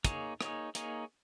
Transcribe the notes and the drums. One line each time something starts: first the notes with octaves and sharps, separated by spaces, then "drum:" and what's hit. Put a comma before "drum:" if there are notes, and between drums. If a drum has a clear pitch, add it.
A#3 D#4 G#4 C#5, drum: kick, hi-hat
A#3 D#4 G#4 C#5, drum: rim click
A#3 D#4 G#4 C#5, drum: hi-hat